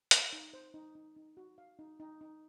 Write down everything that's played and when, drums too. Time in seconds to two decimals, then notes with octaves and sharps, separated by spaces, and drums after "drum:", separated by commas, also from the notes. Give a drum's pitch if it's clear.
0.11 F5, drum: hi-hat
0.33 D#4
0.53 C5
0.74 D#4
0.95 D#4
1.16 D#4
1.37 F#4
1.58 F5
1.79 D#4
2.00 D#4
2.21 D#4